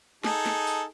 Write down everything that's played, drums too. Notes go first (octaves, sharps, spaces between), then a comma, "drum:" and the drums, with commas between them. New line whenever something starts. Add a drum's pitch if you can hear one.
D#4 G#4 A4, drum: snare
drum: snare
drum: tambourine